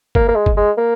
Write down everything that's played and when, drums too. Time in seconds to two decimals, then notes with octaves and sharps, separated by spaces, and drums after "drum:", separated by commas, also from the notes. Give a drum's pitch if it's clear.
0.15 A#3, drum: kick G1
0.28 A#3
0.36 G#3
0.46 drum: kick G1
0.57 G#3
0.78 A#3